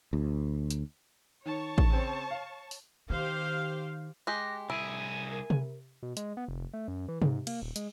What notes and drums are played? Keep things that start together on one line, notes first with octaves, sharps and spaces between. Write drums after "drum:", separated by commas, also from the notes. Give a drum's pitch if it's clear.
D2
drum: hi-hat
D#3 C#5 A5 C#6
drum: kick A1
C#3 C4
F5
drum: open hi-hat
D#3 G4 C5 F5
G#3 G4 D6 F#6 A#6
C2 E4 G#4 G#5 D7
A#4
drum: tom C3
B2
G#3, drum: hi-hat
B3
F1
A3
F#2
E3
G#2, drum: tom C3
A#3, drum: cymbal
D#1
G#3, drum: hi-hat